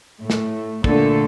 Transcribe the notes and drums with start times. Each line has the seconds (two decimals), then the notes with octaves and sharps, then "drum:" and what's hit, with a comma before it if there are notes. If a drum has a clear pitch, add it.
0.20 A2 A3
0.30 drum: snare
0.84 A#2 D3 A3 A4, drum: kick